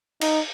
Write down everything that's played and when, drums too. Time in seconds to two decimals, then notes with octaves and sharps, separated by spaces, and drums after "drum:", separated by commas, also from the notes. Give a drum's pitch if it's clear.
0.21 D#4, drum: cymbal